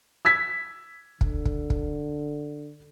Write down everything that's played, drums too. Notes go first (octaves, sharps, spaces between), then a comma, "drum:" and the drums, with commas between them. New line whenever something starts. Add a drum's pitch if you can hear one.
E6 G#6 B6
D3, drum: kick
drum: kick
drum: kick